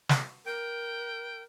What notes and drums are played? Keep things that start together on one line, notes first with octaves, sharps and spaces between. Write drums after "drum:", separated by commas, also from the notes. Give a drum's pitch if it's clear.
drum: snare
A#4 G5